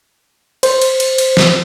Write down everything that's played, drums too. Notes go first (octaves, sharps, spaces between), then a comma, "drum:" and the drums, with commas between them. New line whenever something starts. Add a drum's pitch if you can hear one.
C5, drum: cymbal
drum: cymbal
drum: cymbal
drum: cymbal
drum: snare